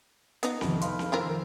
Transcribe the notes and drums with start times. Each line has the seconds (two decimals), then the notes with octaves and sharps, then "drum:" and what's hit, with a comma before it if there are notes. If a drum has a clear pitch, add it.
0.43 B3 D#4, drum: hi-hat
0.61 C2 F2 D#3, drum: snare C4
0.81 B4 F5 C6, drum: hi-hat
0.99 drum: snare C4
1.12 E4 F4 A#4 C5 E6